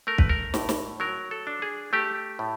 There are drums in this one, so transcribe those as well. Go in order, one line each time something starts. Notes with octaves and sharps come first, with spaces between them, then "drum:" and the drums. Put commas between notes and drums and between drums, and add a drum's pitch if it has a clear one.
A3 A#4
B4, drum: kick
A#4
A2, drum: snare
drum: snare
F#3 A#4
A4
D4
G#4
A3 G4
A2